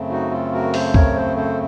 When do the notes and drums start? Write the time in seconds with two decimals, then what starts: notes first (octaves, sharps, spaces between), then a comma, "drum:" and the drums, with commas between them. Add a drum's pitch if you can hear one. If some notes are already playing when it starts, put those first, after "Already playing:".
Already playing: F#2 C#3 A3 C4
0.10 D#4 F#4
0.31 F4 A4
0.52 F#4 A#4
0.74 A4 C5, drum: open hi-hat
0.94 A#4 C#5, drum: kick
1.16 A4 C5
1.37 A4 C5